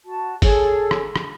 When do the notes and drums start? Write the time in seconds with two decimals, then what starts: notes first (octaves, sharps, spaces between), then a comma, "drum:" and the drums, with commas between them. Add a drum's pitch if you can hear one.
0.05 F#4 A5
0.42 G#4 A4 C#5, drum: kick G#1, open hi-hat
0.91 drum: rim click
1.16 drum: rim click